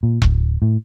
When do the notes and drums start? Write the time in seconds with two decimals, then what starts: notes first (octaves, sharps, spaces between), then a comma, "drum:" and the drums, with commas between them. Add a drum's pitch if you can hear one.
0.03 A#2
0.22 D1, drum: kick E1
0.62 A2